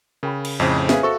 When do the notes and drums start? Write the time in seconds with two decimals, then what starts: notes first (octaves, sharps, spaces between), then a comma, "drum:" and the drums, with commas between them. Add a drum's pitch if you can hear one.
0.23 C#3 A#4 G5 B5
0.45 drum: cymbal
0.60 F2 A2 C#3 C5 D#5
0.89 C#4 G#4 B4 E5 F5, drum: snare
1.03 F#4 A4 C5 E5 C#6